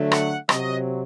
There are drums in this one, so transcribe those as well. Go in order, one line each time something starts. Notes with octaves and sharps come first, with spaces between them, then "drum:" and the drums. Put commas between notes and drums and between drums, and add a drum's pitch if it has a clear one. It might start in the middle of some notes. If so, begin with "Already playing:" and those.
Already playing: D3 F#3 A3
F#5, drum: rim click
C3 F#3 C4 D#5, drum: rim click